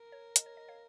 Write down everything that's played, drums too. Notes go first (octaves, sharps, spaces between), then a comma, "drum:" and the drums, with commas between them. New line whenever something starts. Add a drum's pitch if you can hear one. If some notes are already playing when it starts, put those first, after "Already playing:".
Already playing: A#4
C#5
D#5, drum: hi-hat
C#5
D#5
C#5 F5